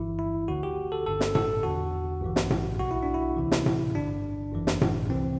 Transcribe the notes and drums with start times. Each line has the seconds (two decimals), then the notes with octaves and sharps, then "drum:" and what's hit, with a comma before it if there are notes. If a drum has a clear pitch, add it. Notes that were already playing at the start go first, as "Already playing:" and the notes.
Already playing: G1 G2 E3 E4
0.19 E4
0.48 D2 D3 F#4
0.63 G4
0.92 A4
1.06 G1 G2 D3 A4
1.20 drum: snare
1.35 A4, drum: tom A2
1.63 E2 D3 F#4
2.21 A1 G2 E3
2.36 drum: snare
2.50 drum: tom A2
2.79 B1 B2 F#4
2.91 E4
3.03 D4
3.14 E4
3.37 D2 C3 E3
3.51 drum: snare
3.66 drum: tom A2
3.94 G1 G2 D3 D4
4.53 G1 F#2 E3
4.67 drum: snare
4.81 drum: tom A2
5.10 C2 C3 E3 C4